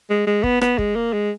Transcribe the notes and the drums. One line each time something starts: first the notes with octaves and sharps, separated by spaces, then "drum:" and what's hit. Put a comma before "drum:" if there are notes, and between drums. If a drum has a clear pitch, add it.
G#3
G#3
B3, drum: kick
B3, drum: rim click
G#3, drum: kick
A#3
G#3